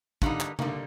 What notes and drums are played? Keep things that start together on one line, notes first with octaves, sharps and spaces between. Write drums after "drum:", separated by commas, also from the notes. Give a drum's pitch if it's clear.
G2 D3 G3 A#3 D#4, drum: kick
drum: clap
D3 G3 A#3 D#4, drum: tom C3